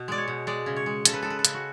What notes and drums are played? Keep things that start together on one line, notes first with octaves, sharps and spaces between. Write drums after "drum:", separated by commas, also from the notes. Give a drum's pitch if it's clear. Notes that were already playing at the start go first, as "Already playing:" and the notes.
Already playing: B2
G#3 D5
C#5
B2
G#3 D5
C#3
C#5
G#3
C#3 A4, drum: hi-hat
B4
G#3 A4
B4
A4
C#3, drum: hi-hat
F#4